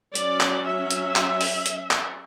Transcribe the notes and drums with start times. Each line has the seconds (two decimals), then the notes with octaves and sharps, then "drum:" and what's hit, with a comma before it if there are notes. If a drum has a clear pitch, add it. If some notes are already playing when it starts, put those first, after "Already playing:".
0.15 F#3 C#4 D5, drum: hi-hat
0.40 drum: clap
0.66 E5
0.91 drum: hi-hat
1.16 drum: clap
1.41 drum: open hi-hat
1.66 drum: hi-hat
1.91 drum: clap